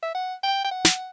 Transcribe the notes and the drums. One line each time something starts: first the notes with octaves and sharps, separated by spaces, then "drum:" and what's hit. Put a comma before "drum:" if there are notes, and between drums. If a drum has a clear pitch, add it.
E5
F#5
G5
G5
F#5
drum: snare